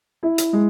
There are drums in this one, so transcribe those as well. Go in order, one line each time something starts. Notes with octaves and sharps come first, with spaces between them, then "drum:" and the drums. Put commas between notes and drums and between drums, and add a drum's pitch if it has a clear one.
E4
drum: hi-hat
G#3